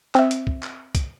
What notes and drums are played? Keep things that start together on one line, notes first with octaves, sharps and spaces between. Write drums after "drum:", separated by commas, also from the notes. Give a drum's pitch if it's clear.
C4 E5, drum: clap
drum: hi-hat
drum: kick
drum: clap
drum: kick, hi-hat